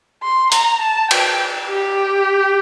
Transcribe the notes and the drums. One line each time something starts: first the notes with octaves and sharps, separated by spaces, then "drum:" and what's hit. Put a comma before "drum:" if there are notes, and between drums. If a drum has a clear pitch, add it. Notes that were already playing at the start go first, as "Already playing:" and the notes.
C6
A#5, drum: hi-hat
A5
G5, drum: cymbal
G4